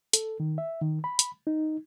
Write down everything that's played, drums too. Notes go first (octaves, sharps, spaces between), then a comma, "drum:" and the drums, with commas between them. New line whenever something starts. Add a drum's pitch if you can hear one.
A4, drum: hi-hat
D#3
E5
D#3
B5
drum: hi-hat
D#4